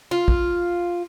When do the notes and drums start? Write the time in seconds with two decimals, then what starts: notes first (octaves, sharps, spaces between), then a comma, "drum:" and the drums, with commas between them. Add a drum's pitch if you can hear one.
0.11 F4
0.28 drum: kick